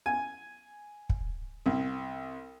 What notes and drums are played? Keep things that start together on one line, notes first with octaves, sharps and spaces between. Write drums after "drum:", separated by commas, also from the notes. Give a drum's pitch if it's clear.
G#5
drum: kick
C2